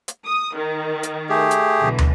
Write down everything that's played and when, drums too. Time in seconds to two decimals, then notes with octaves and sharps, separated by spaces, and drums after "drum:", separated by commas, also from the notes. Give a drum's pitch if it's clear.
0.08 drum: hi-hat
0.25 D#6
0.56 D#3
1.03 drum: hi-hat
1.30 A3 G4 G#4
1.51 drum: hi-hat
1.79 B1 D3 E3
1.98 drum: tom